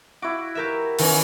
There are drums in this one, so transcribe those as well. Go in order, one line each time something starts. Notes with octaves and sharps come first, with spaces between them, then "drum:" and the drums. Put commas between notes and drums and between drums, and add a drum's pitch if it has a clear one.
E4 F#4 D6
G4 A#4 E5
D#3 E3 B3 C#4, drum: open hi-hat